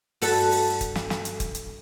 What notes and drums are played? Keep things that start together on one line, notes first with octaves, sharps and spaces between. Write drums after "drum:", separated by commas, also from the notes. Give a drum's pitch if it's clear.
G2 F#4 A4, drum: open hi-hat
drum: open hi-hat
drum: kick, hi-hat
drum: snare
drum: snare
drum: hi-hat
drum: kick, hi-hat
drum: hi-hat